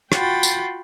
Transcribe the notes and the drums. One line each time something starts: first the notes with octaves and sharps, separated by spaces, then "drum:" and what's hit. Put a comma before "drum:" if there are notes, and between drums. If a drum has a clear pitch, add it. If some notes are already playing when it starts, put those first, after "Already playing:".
F4 F#4 F#5 G5 B5 A6, drum: rim click
drum: tambourine